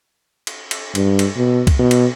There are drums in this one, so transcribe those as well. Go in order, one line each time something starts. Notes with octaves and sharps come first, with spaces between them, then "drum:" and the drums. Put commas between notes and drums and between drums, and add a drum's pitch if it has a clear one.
drum: cymbal
drum: cymbal
G2, drum: cymbal
drum: cymbal
B2
drum: kick C2, cymbal
B2
drum: cymbal